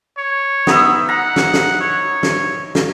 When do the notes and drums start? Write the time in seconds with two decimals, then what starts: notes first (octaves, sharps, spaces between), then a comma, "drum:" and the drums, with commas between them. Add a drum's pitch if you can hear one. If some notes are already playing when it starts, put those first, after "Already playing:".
0.18 C#5
0.67 B3 D#4 E5, drum: snare
1.09 F#5 A#5
1.36 drum: snare
1.54 drum: snare
1.81 C#5
2.23 drum: snare
2.75 drum: snare